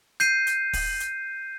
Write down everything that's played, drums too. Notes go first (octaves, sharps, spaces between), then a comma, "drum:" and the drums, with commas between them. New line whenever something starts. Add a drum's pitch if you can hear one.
G6 C7 D#7, drum: hi-hat
drum: hi-hat
drum: kick, open hi-hat
drum: hi-hat